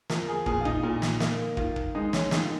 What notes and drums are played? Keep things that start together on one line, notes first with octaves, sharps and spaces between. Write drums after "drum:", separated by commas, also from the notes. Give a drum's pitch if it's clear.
F3 A#4, drum: snare
G#4
A#2 G#4, drum: kick
F4
D#4, drum: kick
A#2
drum: snare
A#3, drum: snare
D#3 F4, drum: kick
drum: kick
G#3 D#4
C#4, drum: snare
D#3 D#4, drum: snare
F4